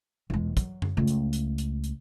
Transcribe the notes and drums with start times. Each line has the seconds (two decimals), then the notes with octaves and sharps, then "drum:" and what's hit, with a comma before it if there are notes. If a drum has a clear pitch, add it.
0.30 E1 G#3
0.57 F#3, drum: kick, hi-hat
0.82 drum: tom F#2
0.97 C#2 A3
1.08 drum: hi-hat
1.33 drum: hi-hat
1.58 drum: hi-hat
1.84 drum: hi-hat